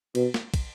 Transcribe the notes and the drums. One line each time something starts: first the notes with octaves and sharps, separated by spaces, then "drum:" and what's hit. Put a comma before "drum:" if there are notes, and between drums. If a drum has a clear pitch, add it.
B2, drum: cymbal
drum: snare
drum: kick, cymbal